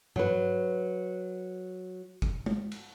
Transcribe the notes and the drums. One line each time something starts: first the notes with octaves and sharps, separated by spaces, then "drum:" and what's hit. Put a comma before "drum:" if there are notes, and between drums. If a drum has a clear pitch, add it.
F#3 B4, drum: tom G2
drum: kick
drum: tom G#3
drum: cymbal